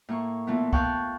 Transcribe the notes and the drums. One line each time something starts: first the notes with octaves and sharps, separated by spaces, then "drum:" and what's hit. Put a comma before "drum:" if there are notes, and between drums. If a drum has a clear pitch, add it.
A2 A#3 C#6
A#2 E3 A3 B3
F5 G5 A5 C#6 F#6, drum: kick